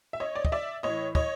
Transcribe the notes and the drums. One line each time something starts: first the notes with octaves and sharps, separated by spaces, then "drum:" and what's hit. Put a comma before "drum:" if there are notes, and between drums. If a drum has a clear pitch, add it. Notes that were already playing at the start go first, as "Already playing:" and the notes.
E5
C#5 D#5
D5
D#5, drum: kick
D5 E5
A2 E3 C#5 D#5
C#5 D#5, drum: kick